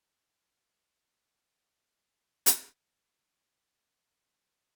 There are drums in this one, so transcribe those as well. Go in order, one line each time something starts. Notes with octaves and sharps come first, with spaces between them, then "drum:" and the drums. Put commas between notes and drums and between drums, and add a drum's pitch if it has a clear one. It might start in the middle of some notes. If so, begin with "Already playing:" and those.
D3
E3
F#3
E3
D3
C#3
B2
drum: hi-hat
A2
B2
C#3
D3